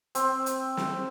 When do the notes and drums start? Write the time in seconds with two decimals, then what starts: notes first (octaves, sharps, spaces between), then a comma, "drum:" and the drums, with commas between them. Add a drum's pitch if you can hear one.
0.15 C4, drum: hi-hat
0.46 drum: hi-hat
0.77 drum: snare